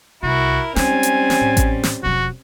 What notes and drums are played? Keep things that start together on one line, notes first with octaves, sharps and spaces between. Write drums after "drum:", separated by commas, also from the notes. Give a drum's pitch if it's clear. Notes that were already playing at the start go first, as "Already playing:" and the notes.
C2 E4 F#4 A#4
G3 G#3 C4 C#4 D#4 G#5, drum: snare
drum: hi-hat
drum: snare
A2
drum: kick A1, hi-hat
drum: snare
E1 F3 F#4